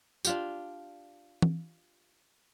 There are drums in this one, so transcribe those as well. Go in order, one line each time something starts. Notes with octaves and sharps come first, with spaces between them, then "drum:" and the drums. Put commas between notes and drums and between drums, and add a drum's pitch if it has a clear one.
D4 F4 G4, drum: tambourine
drum: tom